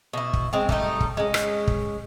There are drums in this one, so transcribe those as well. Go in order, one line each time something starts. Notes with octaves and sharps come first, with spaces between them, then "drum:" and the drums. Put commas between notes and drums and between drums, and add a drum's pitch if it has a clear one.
B2 E4
drum: kick
G#3 C4
G3 A3 D#4, drum: kick
drum: kick
G#3 C#4
drum: rim click
drum: kick